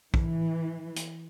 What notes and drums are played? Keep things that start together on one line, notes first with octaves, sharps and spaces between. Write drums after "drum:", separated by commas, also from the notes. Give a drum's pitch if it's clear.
E3, drum: kick
drum: hi-hat